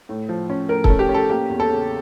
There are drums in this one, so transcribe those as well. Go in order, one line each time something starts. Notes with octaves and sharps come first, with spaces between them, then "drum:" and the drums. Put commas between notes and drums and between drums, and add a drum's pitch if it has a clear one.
A2
F3
C#4
A2 A#4
A4, drum: kick
C#4
G4
C#4
A4
A#3 G4
E2
A4
C#3